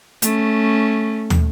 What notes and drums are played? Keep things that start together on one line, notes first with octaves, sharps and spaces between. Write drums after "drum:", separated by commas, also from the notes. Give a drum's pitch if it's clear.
A3 C#4, drum: hi-hat
drum: tom